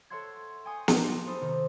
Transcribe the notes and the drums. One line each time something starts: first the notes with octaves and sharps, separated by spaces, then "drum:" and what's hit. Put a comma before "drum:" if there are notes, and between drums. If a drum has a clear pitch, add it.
A4 C#5 E5 F#5 C6 G#6
G5 G#5 C6 C#6 D#6
F4 G4 D5 D#5, drum: snare
D#4 A4 C5 B5 D#6
C3 D#3